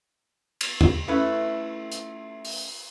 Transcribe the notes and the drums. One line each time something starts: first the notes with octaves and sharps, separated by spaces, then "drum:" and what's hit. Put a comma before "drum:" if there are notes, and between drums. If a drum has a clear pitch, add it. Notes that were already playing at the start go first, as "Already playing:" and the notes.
drum: cymbal
drum: tom E2
A3 C#4 E4 B4 E5
drum: hi-hat
drum: open hi-hat